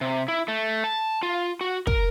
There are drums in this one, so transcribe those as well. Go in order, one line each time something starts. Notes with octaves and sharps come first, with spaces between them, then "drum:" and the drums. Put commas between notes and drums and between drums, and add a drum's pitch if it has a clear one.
C3
E4
A3
A5
F4
F#4
A#4, drum: kick